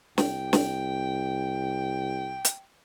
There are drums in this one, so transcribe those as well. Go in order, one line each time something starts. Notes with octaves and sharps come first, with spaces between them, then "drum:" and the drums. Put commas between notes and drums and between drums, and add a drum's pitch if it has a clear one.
C2 G5, drum: snare
drum: snare
drum: hi-hat